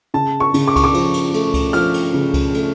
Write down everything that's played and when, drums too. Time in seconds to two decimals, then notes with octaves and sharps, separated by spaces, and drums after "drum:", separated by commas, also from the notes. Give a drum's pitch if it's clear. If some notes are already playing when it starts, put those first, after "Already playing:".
0.14 C#3 A5
0.40 C#6
0.54 C#3, drum: cymbal
0.68 D6
0.76 C#6, drum: kick C#2, cymbal
0.84 D6
0.94 F3, drum: cymbal
1.14 drum: cymbal
1.34 A3, drum: cymbal
1.54 drum: kick C#2, cymbal
1.73 F3 F6, drum: cymbal
1.94 drum: cymbal
2.14 C#3
2.34 drum: kick C#2, cymbal
2.54 A3, drum: cymbal